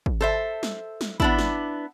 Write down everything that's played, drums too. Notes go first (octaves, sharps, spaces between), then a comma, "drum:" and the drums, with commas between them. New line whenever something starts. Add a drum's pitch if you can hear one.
drum: kick
A4 C5 E5
drum: snare
drum: snare
B3 D4 E4, drum: kick
drum: snare